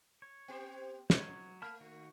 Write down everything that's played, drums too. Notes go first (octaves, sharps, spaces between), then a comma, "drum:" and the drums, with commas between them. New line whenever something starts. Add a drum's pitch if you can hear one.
C#5
B3 G4 C5
F#3 C#5 D#5, drum: snare
A3 A5 B5 F6
D#3 F#4